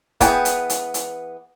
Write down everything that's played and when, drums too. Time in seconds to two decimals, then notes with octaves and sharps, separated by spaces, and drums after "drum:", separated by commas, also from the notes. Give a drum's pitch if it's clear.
0.20 E3 B3 G#4 G5, drum: kick, hi-hat
0.45 drum: hi-hat
0.70 drum: hi-hat
0.94 drum: hi-hat